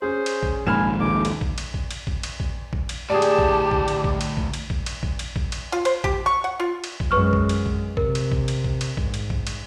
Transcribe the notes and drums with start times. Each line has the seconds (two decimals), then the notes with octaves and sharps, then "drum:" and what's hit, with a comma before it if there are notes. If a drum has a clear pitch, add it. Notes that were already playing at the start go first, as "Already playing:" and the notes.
0.02 C#4 G#4 C5
0.26 drum: cymbal
0.43 drum: kick A#1
0.67 A#1 D#2 G#2 G#5 B5 F6 E7
1.01 D#1 D6
1.25 drum: cymbal
1.41 drum: kick A#1
1.58 drum: cymbal
1.74 drum: kick A#1
1.91 drum: cymbal
2.07 drum: kick A#1
2.23 drum: cymbal
2.40 drum: kick A#1
2.73 drum: kick A#1
2.89 drum: cymbal
3.10 D2 A2 G4 G#4 D5 A5
3.22 drum: cymbal
3.38 drum: kick A#1
3.71 drum: kick A#1
3.88 drum: cymbal
4.04 drum: kick A#1
4.21 drum: cymbal
4.37 drum: kick A#1
4.54 drum: cymbal
4.70 drum: kick A#1
4.86 drum: cymbal
5.03 drum: kick A#1
5.19 drum: cymbal
5.36 drum: kick A#1
5.52 drum: cymbal
5.72 F4
5.85 C5, drum: cymbal
6.04 G4, drum: kick A#1
6.26 C#6
6.44 F#5
6.60 F4
6.84 drum: cymbal
7.00 drum: kick A#1
7.11 F#2 G#3 B4 C#6 F6
7.33 drum: kick A#1
7.49 drum: cymbal
7.66 drum: kick A#1
7.97 C3 A#4, drum: kick A#1
8.15 drum: cymbal
8.32 drum: kick A#1
8.48 drum: cymbal
8.64 drum: kick A#1
8.81 drum: cymbal
8.97 G#2, drum: kick A#1
9.14 drum: cymbal
9.30 drum: kick A#1
9.47 drum: cymbal